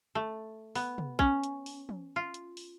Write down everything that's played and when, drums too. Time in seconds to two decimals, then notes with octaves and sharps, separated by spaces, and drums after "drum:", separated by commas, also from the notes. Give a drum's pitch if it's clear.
0.15 A3
0.75 B3, drum: open hi-hat
0.98 drum: tom
1.19 C#4, drum: kick
1.44 drum: hi-hat
1.66 drum: open hi-hat
1.89 drum: tom
2.16 F4
2.34 drum: hi-hat
2.57 drum: open hi-hat